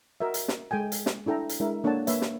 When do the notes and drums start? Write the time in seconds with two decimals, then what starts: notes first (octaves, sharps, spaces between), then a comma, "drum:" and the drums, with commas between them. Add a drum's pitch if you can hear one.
0.20 F#4 A#4 D#5 E5
0.34 drum: hi-hat
0.48 drum: snare
0.71 G#3 A4 G5 G#5
0.92 drum: hi-hat
1.06 drum: snare
1.26 D4 E4 A4 G5 A#5
1.49 drum: hi-hat
1.60 G#3 D4 E4 A#4 E5
1.84 A#3 D4 A4 C#5 F#5 A5
2.07 A#3 B4 C#5 E5, drum: hi-hat
2.22 drum: snare